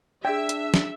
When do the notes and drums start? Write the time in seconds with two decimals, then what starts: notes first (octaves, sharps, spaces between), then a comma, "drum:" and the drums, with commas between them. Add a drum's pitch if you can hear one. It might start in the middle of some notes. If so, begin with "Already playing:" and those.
0.25 D4 G#4 D5 E5 G5
0.49 drum: hi-hat
0.74 drum: snare